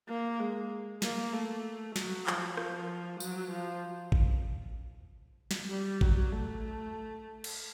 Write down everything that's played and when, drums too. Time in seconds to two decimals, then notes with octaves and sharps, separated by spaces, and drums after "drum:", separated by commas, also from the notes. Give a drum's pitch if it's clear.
0.09 A#3
0.39 G#3
1.02 A#3, drum: snare
1.33 A3
1.96 F#3, drum: snare
2.27 F3, drum: clap
2.57 F3, drum: rim click
3.20 F#3, drum: tambourine
3.52 F3
4.12 drum: kick G#1
5.51 drum: snare
5.70 G3
6.01 F#3, drum: kick G#1
6.32 A3
7.44 drum: cymbal